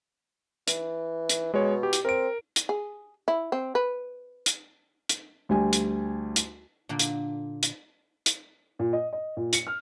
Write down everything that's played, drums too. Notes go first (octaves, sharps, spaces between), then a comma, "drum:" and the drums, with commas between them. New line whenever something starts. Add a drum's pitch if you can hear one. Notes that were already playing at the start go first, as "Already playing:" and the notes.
E3, drum: hi-hat
drum: hi-hat
B2 G#3 C#5
G4
drum: hi-hat
C4 A#4 D7
drum: hi-hat
G#4
E4
C4
B4
drum: hi-hat
drum: hi-hat
D2 G3 G#5
drum: hi-hat
drum: hi-hat
A#2 D3 A#3
drum: hi-hat
drum: hi-hat
drum: hi-hat
A#2
D#5
D#5
A#2
C#7, drum: hi-hat
F6